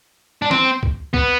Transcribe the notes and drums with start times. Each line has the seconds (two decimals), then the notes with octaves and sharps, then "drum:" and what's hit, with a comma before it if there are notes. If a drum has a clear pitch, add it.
0.42 D4
0.51 C4, drum: snare
0.83 drum: kick
1.14 B3, drum: kick